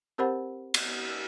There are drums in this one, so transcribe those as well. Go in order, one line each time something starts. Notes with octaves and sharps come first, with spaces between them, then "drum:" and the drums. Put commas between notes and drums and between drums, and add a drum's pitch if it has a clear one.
C4 G4 A#4 C5 F#5 B5
drum: cymbal